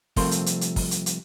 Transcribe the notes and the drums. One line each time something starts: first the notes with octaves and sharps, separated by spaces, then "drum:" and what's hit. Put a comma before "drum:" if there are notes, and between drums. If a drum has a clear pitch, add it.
C2 F3 A3 C4 A#4 C6, drum: kick, open hi-hat
drum: hi-hat
drum: hi-hat
drum: hi-hat
drum: kick, open hi-hat
drum: hi-hat
drum: hi-hat